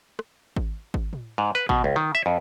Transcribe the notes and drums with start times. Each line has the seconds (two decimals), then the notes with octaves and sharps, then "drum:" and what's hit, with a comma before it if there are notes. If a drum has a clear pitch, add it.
0.19 drum: rim click
0.56 drum: kick G#1
0.94 drum: kick G#1
1.13 drum: tom
1.38 G#2
1.55 B4
1.69 B2, drum: kick G#1
1.84 C#2
1.96 D#3
2.15 E5
2.26 F2